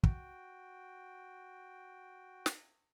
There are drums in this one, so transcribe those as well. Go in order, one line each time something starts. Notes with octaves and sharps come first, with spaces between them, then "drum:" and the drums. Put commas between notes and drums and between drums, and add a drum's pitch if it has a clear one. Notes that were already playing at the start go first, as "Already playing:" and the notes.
F#4 G5, drum: kick
drum: snare